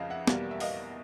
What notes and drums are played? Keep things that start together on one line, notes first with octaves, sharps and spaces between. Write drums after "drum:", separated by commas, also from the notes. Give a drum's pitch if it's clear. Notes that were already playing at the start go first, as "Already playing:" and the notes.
Already playing: F2 C#3 F3 D#5 F5
E5 F#5
E2 B2 G3 A#3, drum: snare
E5
D#5 F5, drum: open hi-hat